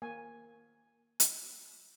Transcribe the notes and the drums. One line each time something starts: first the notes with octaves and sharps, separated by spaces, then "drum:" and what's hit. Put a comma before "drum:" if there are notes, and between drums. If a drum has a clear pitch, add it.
A#3 G#5
drum: hi-hat